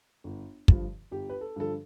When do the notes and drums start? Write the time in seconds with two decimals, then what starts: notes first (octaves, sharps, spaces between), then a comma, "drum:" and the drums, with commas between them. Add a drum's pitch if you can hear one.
0.24 G1
0.68 G2 D3 F3, drum: kick
1.11 G1 G4
1.29 B4
1.41 A4
1.56 G2 D3 F3 A4